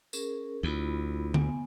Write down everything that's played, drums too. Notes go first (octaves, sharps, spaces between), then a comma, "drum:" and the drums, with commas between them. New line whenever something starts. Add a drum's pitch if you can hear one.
C#4 G#4 A#4, drum: tambourine
D2 E4 F4 B5
B3 G#5, drum: tom D3